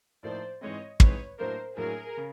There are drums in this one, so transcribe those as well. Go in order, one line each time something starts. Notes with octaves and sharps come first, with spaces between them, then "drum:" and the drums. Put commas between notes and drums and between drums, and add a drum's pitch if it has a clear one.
A2 F3 A#3 D#4 C5 D5
G#2 E3 G#3 C4 C#5 D#5
G#2 E3 G#3 C4 B4 C#5, drum: kick
A2 F#3 A#3 D4 A#4 C5
A2 F#3 A#3 D4 G#4 A#4
C#3